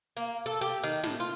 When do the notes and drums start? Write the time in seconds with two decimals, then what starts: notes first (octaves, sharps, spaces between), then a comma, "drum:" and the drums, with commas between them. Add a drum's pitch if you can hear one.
0.17 A#3
0.46 A4
0.61 G4
0.83 D#3, drum: open hi-hat
1.04 A2, drum: snare
1.20 F4